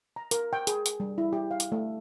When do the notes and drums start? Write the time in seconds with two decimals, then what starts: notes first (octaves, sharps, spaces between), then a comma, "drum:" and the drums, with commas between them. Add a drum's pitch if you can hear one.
0.16 A#5
0.31 A#4, drum: hi-hat
0.53 G5
0.67 G#4, drum: hi-hat
0.86 drum: hi-hat
1.00 G3
1.18 E4
1.33 G4
1.51 F5
1.60 drum: hi-hat
1.72 A3